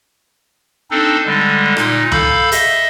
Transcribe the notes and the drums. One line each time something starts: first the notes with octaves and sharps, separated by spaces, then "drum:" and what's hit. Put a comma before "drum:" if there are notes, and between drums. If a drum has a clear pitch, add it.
C4 D4 D#4 A4
D3 G3 G#3
A#2 D#4, drum: rim click
A4 F5 B5 G6, drum: tom C#2
D#5 E5, drum: hi-hat